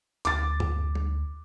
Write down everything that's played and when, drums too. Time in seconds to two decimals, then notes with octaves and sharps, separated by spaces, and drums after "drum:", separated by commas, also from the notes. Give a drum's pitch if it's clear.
0.25 D2 D6 A6, drum: hi-hat
0.60 drum: tom F#2
0.95 drum: tom